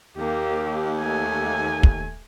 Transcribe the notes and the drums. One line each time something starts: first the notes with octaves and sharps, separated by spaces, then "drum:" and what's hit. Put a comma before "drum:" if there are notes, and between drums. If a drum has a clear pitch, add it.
D#2 A#3 G4
A3 G#5
drum: kick